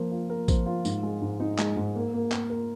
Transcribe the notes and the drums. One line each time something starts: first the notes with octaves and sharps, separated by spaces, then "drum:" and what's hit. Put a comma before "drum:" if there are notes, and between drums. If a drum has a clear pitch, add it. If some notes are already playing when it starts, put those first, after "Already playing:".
Already playing: F3 A#3
F4
A#4
F3, drum: kick, tambourine
F4
G#2, drum: tambourine
G#3
G#2
D#4
G#3, drum: clap
G#2
A#3
A#3
A#3, drum: clap
A#4